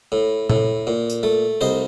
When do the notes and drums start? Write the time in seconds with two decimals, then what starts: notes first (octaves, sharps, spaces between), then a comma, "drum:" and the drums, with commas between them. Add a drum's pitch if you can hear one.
0.12 A2
0.50 A2, drum: tom A#2
0.87 A#2
1.10 drum: tambourine
1.23 A3
1.61 C2 C5 D#5